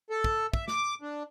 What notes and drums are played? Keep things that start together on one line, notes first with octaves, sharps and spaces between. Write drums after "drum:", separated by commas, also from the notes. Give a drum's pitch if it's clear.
A4
drum: kick
E5, drum: kick
D6, drum: snare
D4